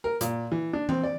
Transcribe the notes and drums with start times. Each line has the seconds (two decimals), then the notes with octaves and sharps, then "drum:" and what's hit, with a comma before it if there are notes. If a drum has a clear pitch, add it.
0.04 A#4
0.21 A#2, drum: hi-hat
0.52 E3
0.73 D4
0.89 C4, drum: tom E3
1.03 D5